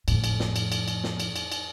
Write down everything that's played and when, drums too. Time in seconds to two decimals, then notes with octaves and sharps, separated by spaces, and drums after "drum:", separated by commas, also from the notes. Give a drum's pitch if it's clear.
0.08 F2 A2, drum: cymbal
0.24 drum: cymbal
0.40 drum: snare
0.56 drum: cymbal
0.72 drum: cymbal
0.88 drum: cymbal
1.04 drum: snare
1.20 drum: cymbal
1.36 drum: cymbal
1.52 drum: cymbal